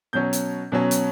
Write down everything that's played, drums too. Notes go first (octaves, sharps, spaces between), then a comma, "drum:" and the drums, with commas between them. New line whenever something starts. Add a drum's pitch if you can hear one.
B2 F#3 C#4 G6
drum: hi-hat
B2 F#3 C#4
drum: hi-hat